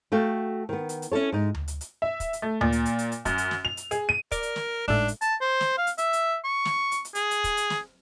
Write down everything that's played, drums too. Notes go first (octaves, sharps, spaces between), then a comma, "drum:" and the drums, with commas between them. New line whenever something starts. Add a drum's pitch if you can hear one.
A3 F#4 A4 F5 G5
D#3 B3
drum: hi-hat
drum: hi-hat
C#4 E4 A4 C#5
G#2 D#4
drum: tom D2
drum: hi-hat
drum: hi-hat
E5
drum: kick, hi-hat
drum: hi-hat
A3
A#2, drum: tom D2
drum: hi-hat
drum: hi-hat
drum: hi-hat
drum: hi-hat
F#2, drum: kick, hi-hat
drum: hi-hat
drum: snare
F7
drum: hi-hat
G#4, drum: hi-hat
D#7
A#4 D5, drum: kick, hi-hat
drum: hi-hat
drum: snare
G#1 A2 D4
drum: hi-hat
A5, drum: hi-hat
C5
drum: snare
F5
drum: hi-hat
E5, drum: hi-hat
drum: hi-hat
C#6
drum: snare
drum: hi-hat
drum: hi-hat
G#4, drum: hi-hat
drum: hi-hat
drum: kick, hi-hat
drum: hi-hat
drum: snare